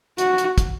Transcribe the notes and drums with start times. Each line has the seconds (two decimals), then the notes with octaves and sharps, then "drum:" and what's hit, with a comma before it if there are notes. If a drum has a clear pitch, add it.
0.18 F#4, drum: hi-hat
0.38 drum: hi-hat
0.58 drum: kick, hi-hat